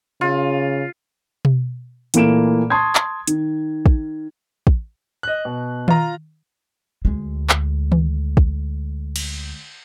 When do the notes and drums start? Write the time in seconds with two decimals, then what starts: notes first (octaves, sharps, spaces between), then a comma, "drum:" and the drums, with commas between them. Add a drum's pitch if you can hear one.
0.21 C#3 F4
1.45 drum: tom B2
2.14 A#2 E3 A3 A#3 D7 E7, drum: hi-hat
2.70 A5 C6 C#6 D#6 G#6
2.95 drum: clap
3.27 D#3, drum: hi-hat
3.86 drum: kick
4.67 drum: kick
5.23 D#5 F#6
5.45 B2
5.88 F4 A#5, drum: tom D#3
7.05 D2 G#3
7.50 drum: clap
7.92 drum: tom D#3
8.37 drum: kick
9.16 drum: cymbal